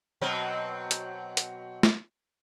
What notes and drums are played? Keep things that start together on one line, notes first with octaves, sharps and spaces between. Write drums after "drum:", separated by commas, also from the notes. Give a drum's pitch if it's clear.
B2 F#3 C4
drum: hi-hat
drum: hi-hat
drum: snare